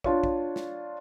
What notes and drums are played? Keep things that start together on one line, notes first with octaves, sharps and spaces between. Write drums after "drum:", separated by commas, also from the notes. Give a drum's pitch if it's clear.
D4 F4 C#5, drum: kick
drum: kick
drum: snare